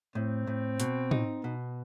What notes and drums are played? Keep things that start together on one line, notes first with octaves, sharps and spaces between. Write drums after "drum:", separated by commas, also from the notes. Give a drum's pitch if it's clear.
A2 C4
A2
B2, drum: hi-hat
D#4, drum: tom
B2 B3